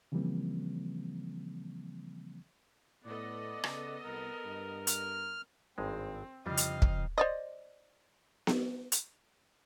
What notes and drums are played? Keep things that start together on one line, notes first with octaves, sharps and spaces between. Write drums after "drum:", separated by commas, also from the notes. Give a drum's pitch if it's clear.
C#3 E3 F3 G3 A#3 C4
A2 B3 A4 D5 D#5
C#3, drum: rim click
C2 A#4
G2
F6, drum: hi-hat
G#1 G2 G#3 C4
F2 C#3 G3 D4 D#5 F5
drum: hi-hat
drum: kick
C5 D5 D#5
drum: snare B3
drum: hi-hat